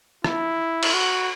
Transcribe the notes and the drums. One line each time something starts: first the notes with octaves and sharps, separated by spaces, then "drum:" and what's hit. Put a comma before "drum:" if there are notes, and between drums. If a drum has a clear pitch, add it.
E4, drum: rim click
drum: cymbal
F#4